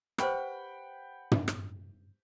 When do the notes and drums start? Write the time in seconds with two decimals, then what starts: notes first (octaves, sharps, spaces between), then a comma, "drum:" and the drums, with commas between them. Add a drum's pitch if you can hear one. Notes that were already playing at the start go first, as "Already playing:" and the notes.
0.18 G4 B4 C5 F#5 G5 B5, drum: rim click
1.31 drum: tom
1.48 drum: rim click